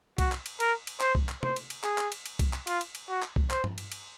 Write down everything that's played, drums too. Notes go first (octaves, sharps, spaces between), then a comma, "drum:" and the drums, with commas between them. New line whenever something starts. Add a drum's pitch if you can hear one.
F#4, drum: kick C2, cymbal
drum: clap
drum: cymbal
A#4, drum: cymbal
drum: cymbal
C5, drum: clap
drum: kick C2
drum: clap
C5, drum: tom
drum: cymbal
drum: cymbal
G#4, drum: clap
drum: clap
drum: cymbal
drum: cymbal
drum: kick C2, cymbal
drum: clap
F4, drum: cymbal
drum: cymbal
drum: cymbal
F#4
drum: clap
drum: kick C2
C5, drum: clap
drum: tom G2
drum: cymbal
drum: cymbal